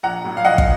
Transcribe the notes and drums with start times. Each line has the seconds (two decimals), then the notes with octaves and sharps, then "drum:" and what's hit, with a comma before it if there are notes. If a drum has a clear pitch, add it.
0.03 A#1 F#5 A#5
0.24 A2 F#3
0.37 F5
0.44 A#1 D#5 F#5
0.58 drum: kick